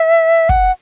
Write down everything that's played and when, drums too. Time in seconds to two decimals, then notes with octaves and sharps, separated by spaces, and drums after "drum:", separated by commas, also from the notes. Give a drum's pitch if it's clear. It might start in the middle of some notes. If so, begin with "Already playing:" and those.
Already playing: E5
0.49 F#5, drum: kick